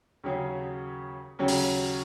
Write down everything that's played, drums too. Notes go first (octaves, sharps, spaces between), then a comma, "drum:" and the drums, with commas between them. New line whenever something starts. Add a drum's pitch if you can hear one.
D#2 C#3 F#3 C#4 G#4
D#2 C#3 F#3 C#4
drum: open hi-hat